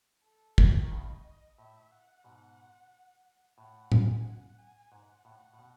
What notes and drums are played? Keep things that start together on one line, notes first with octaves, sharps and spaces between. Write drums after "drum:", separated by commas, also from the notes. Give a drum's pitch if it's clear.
A4
A2, drum: kick
D#3
A2 C#3 D#5
A2 E5
F#5
G#2 B2
A2 F#5
G#5, drum: tom A2
F#5
G#5
G#2 F#5
A2
A2
B2